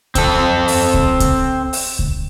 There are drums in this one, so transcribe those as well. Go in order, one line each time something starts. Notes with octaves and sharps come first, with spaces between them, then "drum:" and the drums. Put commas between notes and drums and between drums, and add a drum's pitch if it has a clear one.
C4 A4, drum: kick C#2, hi-hat
drum: open hi-hat
drum: kick C#2
drum: kick C#2, hi-hat
drum: open hi-hat
drum: kick C#2